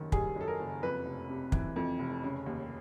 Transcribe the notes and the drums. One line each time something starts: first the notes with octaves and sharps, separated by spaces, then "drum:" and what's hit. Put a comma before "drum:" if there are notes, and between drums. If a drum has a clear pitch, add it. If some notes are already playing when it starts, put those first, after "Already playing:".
Already playing: F#1 F#2 D#3
G3 G#4, drum: kick
F#2 A4
A#4
F#1
F2 B4
F1
C3
E3, drum: kick
F2
F1
C#3
D#2